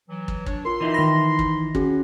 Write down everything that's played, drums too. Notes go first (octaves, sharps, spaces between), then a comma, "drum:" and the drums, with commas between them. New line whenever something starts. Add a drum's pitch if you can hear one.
E3 F#3
drum: kick
D4 C#5, drum: kick
F4 A#4 C6
E3 D#4 E4
D#3 B5 A#6
drum: kick
C#4 F#4 G#4, drum: kick